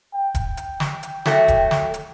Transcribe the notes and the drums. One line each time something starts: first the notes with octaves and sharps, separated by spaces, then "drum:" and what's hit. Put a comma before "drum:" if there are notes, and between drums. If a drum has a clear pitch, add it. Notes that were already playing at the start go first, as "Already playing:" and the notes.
G5
drum: kick D#1, hi-hat
drum: hi-hat
drum: snare
drum: hi-hat
F#3 A3 F#4, drum: snare
drum: kick D#1, hi-hat
drum: snare
drum: hi-hat